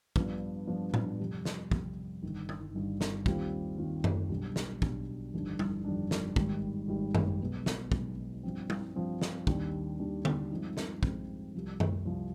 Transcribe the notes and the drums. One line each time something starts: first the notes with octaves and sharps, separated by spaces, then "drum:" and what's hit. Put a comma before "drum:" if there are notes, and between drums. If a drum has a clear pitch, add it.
G2 F3 B3 D4 F4, drum: kick
G2 F3 B3 D4 F4
drum: tom A2
F2 C3 G3
drum: snare
F2 C3 G3, drum: kick
G1 G2 D#3
drum: tom G3
G1 G2 D#3
drum: snare
D#2 D#3 G3 C4 F4, drum: kick
D#2 D#3 G3 C4 F4
drum: tom F#2
B1 B2 G3 D4
drum: snare
B1 B2 G3 D4, drum: kick
G1 F2 D#3 G3 D4
drum: tom G3
G1 F2 D#3 G3 D4
drum: snare
G#1 G#2 D#3 G3, drum: kick
G#1 G#2 D#3 G3
drum: tom F#2
B1 B2 G#3 B3
drum: snare
B1 B2 G#3 B3, drum: kick
G2 F3 C4
drum: tom G3
G2 F3 C4
drum: snare
D#2 D#3 G3 D4, drum: kick
D#2 D#3 G3 D4
drum: tom D3
G2 F3 G#3 C4 D#4
drum: snare
G2 F3 G#3 C4 D#4, drum: kick
C2 C3 F3
drum: tom F#2
C2 C3 F3